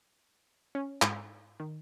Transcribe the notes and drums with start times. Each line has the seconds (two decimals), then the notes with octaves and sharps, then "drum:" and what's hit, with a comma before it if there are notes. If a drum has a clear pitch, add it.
0.75 C#4
1.02 G#2, drum: clap
1.60 D#3